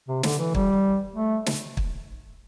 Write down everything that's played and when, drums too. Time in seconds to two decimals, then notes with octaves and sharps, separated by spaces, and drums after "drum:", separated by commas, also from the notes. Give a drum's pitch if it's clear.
0.08 C3
0.23 D3, drum: snare
0.39 E3
0.55 G3, drum: kick
1.16 A3
1.46 drum: snare
1.77 drum: kick